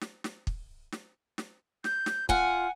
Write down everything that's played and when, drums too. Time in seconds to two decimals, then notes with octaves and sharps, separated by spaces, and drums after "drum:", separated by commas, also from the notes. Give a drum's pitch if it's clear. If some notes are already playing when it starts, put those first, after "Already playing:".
0.01 drum: snare
0.24 drum: snare
0.47 drum: kick
0.92 drum: snare
1.38 drum: snare
1.84 G6, drum: snare
2.06 drum: snare
2.29 F4 F#5 G#5, drum: kick